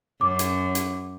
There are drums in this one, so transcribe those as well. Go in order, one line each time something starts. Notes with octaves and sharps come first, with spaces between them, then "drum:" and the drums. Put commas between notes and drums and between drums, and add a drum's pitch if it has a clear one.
F#2 D6
drum: hi-hat
drum: hi-hat